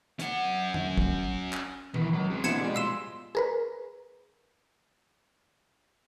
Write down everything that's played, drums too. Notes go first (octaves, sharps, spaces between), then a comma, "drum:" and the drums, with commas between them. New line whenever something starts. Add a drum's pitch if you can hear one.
C#4 F#5, drum: hi-hat
drum: tom F2
drum: kick
drum: clap
D#3 E3 B3, drum: tom A#2
C#2 F#3
C4 G#4
B2 D3 E4 G#6 C#7 E7, drum: snare
B2 F3 G#3 G4 D5
A2 F5 C6 E6 E7
G#4 A#4 B4